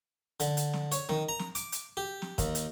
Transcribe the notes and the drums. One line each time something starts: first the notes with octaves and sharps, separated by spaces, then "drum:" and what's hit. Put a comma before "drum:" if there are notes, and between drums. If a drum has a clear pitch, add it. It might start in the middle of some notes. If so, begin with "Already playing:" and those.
D3, drum: hi-hat
drum: hi-hat
drum: snare
C#5, drum: hi-hat
D#3, drum: snare
A#5
drum: snare
D6, drum: hi-hat
drum: hi-hat
G4
drum: snare
D#2, drum: kick, hi-hat
drum: hi-hat